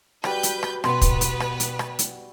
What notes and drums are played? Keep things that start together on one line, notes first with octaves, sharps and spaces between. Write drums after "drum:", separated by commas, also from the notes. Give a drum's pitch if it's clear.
G3 F#4 B4 G6, drum: rim click
drum: hi-hat
drum: rim click
B2 B3 B4 C6, drum: rim click
drum: kick, hi-hat
drum: hi-hat
drum: rim click
drum: hi-hat
drum: rim click
drum: hi-hat